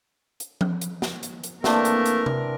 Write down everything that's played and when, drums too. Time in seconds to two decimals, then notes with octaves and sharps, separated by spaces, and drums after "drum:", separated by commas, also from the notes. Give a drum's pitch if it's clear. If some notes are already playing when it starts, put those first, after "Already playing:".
0.40 drum: hi-hat
0.61 drum: tom F3
0.81 drum: hi-hat
1.02 drum: snare
1.23 drum: hi-hat
1.43 drum: hi-hat
1.64 E3 A3 A#3 C4 D4 A#4, drum: snare
1.85 drum: hi-hat
2.06 drum: hi-hat
2.26 drum: tom C3